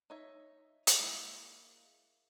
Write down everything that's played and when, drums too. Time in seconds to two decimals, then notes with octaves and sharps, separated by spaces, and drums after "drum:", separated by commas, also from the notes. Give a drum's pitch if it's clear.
0.10 D#4 C#5 E5
0.87 drum: hi-hat
0.98 G#3 A#3 E4